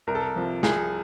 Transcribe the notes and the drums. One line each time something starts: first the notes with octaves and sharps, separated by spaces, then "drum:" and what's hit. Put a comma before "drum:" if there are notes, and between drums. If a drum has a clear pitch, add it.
C2 A#4
A4
A#4
C3 F3
C2 G#4, drum: snare